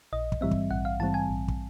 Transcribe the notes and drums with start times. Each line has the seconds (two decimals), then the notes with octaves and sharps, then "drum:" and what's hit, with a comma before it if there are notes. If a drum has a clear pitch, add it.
0.13 A#1 D#5
0.32 drum: kick
0.41 G#2 E3 G3 C4 E5
0.51 drum: kick
0.71 A#1 F#5
0.85 F5
1.00 G#2 E3 G3 C4 A5
1.14 G#5
1.29 A#1
1.48 drum: kick